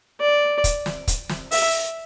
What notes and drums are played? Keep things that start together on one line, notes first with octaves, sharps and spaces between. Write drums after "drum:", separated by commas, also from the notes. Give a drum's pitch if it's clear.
D5
drum: kick, hi-hat
drum: snare
drum: kick, hi-hat
drum: snare
E5, drum: open hi-hat